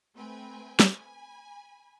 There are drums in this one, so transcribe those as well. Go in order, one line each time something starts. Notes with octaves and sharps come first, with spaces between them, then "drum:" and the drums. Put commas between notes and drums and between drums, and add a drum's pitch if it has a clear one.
A3 C4 B4 G5 G#5
drum: snare
G#5 B5